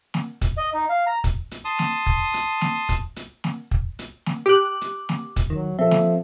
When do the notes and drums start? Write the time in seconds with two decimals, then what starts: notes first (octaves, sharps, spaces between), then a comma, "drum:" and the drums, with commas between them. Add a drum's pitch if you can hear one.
0.14 drum: snare
0.41 drum: kick, hi-hat
0.57 D#5
0.74 D#4
0.90 F5
1.07 A#5
1.24 drum: kick, hi-hat
1.51 drum: hi-hat
1.65 A5 C6 D#6
1.79 drum: snare
2.06 drum: kick
2.34 drum: hi-hat
2.61 drum: snare
2.89 drum: kick, hi-hat
3.16 drum: hi-hat
3.44 drum: snare
3.71 drum: kick
3.99 drum: hi-hat
4.26 drum: snare
4.46 G4 D6 F#6
4.81 drum: hi-hat
5.09 drum: snare
5.36 drum: kick, hi-hat
5.50 D#3 F#3
5.79 F3 C4 A4 E5
5.91 drum: snare